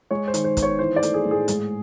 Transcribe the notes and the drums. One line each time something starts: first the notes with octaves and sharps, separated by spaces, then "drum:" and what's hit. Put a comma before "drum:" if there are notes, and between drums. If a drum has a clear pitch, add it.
G#3 C#5
C5
D#3, drum: hi-hat
C5
B3, drum: kick, hi-hat
C#5
E3 C5
D5
A3, drum: hi-hat
G#4
A2
G#4
G#2, drum: hi-hat